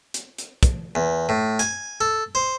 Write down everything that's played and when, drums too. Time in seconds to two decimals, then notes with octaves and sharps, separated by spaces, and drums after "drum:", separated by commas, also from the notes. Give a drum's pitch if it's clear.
0.14 drum: hi-hat
0.38 drum: hi-hat
0.63 drum: kick, hi-hat
0.95 E2
1.29 A2
1.59 G#5, drum: hi-hat
2.01 A4
2.35 C5